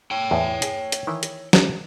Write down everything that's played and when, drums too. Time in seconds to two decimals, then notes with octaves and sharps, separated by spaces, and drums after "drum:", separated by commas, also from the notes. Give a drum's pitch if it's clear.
0.11 C#5 G5
0.31 E2 A2
0.62 G#4, drum: hi-hat
0.92 drum: hi-hat
1.07 D#3 E3 E4
1.23 drum: hi-hat
1.53 drum: snare